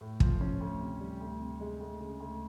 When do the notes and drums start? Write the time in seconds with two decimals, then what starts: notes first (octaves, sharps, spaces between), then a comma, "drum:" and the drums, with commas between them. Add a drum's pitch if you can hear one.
0.01 A2
0.20 F3, drum: kick
0.41 C#4
0.61 D2
0.80 C3
1.00 G3
1.20 D2
1.40 C3
1.60 G#3
1.80 D2
2.01 C#3
2.20 D2